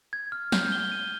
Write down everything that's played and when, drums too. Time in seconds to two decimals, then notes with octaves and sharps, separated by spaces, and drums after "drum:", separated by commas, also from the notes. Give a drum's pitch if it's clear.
0.13 G#6
0.32 F6
0.52 G6, drum: snare
0.72 G7
0.92 D#7